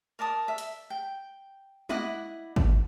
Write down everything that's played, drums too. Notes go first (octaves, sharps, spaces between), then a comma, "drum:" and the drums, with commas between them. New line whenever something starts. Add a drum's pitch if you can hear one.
A#4 D5 A5 D#6
E5
drum: hi-hat
G5
E4 D#5 F#5 D6, drum: tom G#3
drum: kick